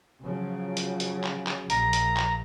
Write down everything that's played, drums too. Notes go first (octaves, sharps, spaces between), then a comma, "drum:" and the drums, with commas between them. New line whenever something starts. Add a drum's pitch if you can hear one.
C#3 F3 F#3
drum: hi-hat
drum: hi-hat
drum: clap
drum: clap
A#1 A#5, drum: hi-hat
drum: hi-hat
drum: clap